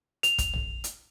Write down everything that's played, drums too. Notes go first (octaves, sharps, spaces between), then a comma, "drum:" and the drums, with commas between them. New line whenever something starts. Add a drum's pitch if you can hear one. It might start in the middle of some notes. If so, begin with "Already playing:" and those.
F7, drum: hi-hat
drum: kick, hi-hat
drum: tom A#1
drum: hi-hat